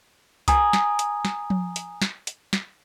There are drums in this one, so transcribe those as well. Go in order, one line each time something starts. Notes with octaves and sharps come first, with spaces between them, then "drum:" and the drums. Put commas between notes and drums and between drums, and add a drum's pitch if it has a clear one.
G#5 A#5 D#6, drum: kick C2, hi-hat
drum: snare
drum: hi-hat
drum: snare
drum: tom F3
drum: hi-hat
drum: snare
drum: hi-hat
drum: snare